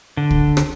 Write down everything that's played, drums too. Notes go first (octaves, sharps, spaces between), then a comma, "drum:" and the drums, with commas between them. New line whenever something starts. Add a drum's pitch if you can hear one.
D3
drum: kick
drum: rim click